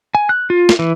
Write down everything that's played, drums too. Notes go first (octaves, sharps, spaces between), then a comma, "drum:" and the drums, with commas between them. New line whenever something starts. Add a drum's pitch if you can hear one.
G#5
F#6
F4
drum: snare
E3